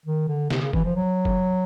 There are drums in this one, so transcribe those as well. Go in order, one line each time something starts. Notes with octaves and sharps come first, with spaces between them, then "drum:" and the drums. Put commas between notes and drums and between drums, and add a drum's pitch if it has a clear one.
D#3
D3
C3, drum: snare
C#3
E3, drum: kick F1
F3
F#3
drum: kick F1